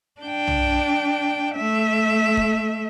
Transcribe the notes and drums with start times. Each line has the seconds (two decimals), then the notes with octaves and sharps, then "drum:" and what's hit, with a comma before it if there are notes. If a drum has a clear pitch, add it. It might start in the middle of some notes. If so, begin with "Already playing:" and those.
0.21 D4 G5
0.47 drum: tom B1
1.55 A3 E5
2.37 drum: kick